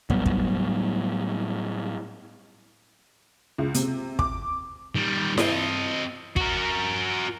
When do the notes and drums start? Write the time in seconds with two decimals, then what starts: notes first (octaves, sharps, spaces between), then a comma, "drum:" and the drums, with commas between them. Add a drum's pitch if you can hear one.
0.10 A2 F#3 G3 B3, drum: kick
0.26 drum: kick
3.58 C#2
3.75 C3, drum: hi-hat
4.19 D6, drum: kick
4.95 D#3 G3
5.38 C4 D#5, drum: snare E4
6.36 F#4 A#4, drum: kick